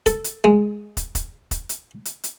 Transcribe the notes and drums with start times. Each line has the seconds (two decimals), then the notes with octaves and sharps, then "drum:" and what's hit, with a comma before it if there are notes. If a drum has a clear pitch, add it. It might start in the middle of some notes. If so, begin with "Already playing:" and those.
0.06 A4, drum: kick, hi-hat
0.24 drum: hi-hat
0.44 G#3
0.97 drum: kick, hi-hat
1.15 drum: kick, hi-hat
1.51 drum: kick, hi-hat
1.69 drum: hi-hat
2.05 drum: hi-hat
2.24 drum: hi-hat